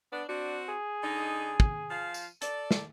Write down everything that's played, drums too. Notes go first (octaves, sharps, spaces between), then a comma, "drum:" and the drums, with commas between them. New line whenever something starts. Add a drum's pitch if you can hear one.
B3 D4
C4 D4 F#4
G#4
D3 D#4
drum: kick
F3 F5
drum: tambourine
A4 D5, drum: hi-hat
drum: snare